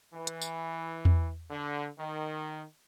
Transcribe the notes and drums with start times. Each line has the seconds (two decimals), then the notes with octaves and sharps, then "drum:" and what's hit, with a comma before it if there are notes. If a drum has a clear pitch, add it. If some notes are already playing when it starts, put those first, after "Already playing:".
0.14 E3
0.27 drum: hi-hat
0.42 drum: tambourine
1.05 drum: tom E2
1.51 D3
1.98 D#3